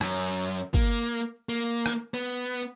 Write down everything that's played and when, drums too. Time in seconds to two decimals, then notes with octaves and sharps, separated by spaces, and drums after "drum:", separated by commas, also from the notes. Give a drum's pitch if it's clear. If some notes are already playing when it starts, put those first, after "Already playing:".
0.01 F#2, drum: rim click
0.74 A#3, drum: kick
1.49 A#3
1.86 drum: rim click
2.14 B3